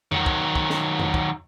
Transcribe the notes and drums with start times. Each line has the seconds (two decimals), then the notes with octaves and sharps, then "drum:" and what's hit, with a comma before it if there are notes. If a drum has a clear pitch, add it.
0.12 D#3 F#3, drum: tom E2
0.26 drum: kick
0.55 drum: kick
0.70 drum: snare
0.99 drum: tom E2
1.14 drum: kick